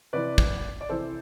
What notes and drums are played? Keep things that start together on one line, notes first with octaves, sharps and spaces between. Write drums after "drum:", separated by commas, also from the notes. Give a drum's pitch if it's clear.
C3 E3 B4 D5
drum: kick
D5
C3 E3 A4 C5